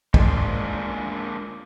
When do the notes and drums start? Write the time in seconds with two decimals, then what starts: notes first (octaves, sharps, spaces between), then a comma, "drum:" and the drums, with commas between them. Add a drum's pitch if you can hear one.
0.14 G#3 A#3 D4 F4 C5, drum: kick